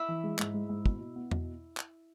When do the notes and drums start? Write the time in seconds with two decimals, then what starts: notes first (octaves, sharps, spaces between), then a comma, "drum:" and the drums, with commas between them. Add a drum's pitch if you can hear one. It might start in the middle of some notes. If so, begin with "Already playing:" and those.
Already playing: E4 E5
0.08 E3
0.24 G#3
0.39 G#2, drum: clap
0.54 G#3
0.69 G#2
0.86 B2, drum: kick
1.00 B2
1.16 B3
1.31 B2, drum: tom E2
1.77 drum: clap